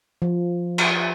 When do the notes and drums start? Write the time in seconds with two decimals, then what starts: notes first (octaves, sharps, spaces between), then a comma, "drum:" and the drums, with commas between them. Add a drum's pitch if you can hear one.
0.22 F3
0.78 drum: cymbal